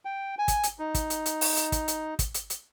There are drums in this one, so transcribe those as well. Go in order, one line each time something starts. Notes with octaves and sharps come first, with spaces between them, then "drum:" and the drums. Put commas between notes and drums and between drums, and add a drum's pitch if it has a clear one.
G5
G#5
drum: kick, hi-hat
drum: hi-hat
D#4
drum: kick, hi-hat
drum: hi-hat
drum: hi-hat
drum: open hi-hat
drum: hi-hat
drum: kick, hi-hat
drum: hi-hat
drum: kick, hi-hat
drum: hi-hat
drum: hi-hat